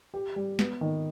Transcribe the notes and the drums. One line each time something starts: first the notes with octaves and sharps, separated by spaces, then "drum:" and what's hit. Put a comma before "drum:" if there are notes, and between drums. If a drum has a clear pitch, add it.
G4
G3
B3, drum: snare
D#3